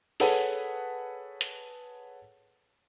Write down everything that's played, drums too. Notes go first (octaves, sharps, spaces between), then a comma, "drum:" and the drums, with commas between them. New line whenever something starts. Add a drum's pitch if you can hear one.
G#4 A4 B4 C#5 F#5 A5, drum: open hi-hat
drum: hi-hat